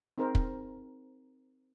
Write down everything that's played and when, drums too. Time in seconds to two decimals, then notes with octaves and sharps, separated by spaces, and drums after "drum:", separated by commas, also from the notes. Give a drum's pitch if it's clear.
0.18 C4 D#4 G#4 A#4 C5
0.35 drum: kick